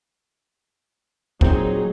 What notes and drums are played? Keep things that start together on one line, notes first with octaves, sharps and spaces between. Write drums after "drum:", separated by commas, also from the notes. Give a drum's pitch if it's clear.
A#2 F#3 C4 D#4 G#4, drum: kick